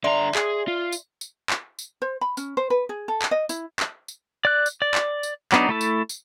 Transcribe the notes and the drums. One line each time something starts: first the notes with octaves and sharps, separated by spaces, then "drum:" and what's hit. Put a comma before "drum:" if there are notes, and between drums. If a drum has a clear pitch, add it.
D3 D5 E5 A#5 C6
G#4, drum: clap
F4
drum: tambourine
drum: tambourine
drum: clap
drum: tambourine
C5
B5
C#4, drum: tambourine
C5
B4
G#4
A4
drum: clap
D#5
E4, drum: tambourine
drum: clap
drum: tambourine
D5 F#6
drum: tambourine
D5
drum: clap
drum: tambourine
F#3 B3 D4 D#4, drum: clap
A3 E4 A4
drum: tambourine
drum: tambourine